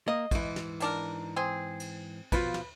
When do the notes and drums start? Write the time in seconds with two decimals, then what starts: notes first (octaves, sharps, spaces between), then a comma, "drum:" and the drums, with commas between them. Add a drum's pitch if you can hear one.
0.08 A#3 D#5
0.31 G#2 E3, drum: kick, cymbal
0.56 drum: snare
0.80 D#3 D4 A#4, drum: cymbal
1.36 C4 G#4
1.80 drum: cymbal
2.32 B2 F3 F4 B4, drum: kick, cymbal
2.54 drum: snare